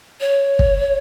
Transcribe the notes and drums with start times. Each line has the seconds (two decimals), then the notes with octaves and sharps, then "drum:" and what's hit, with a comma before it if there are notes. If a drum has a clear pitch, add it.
0.21 C#5
0.59 drum: kick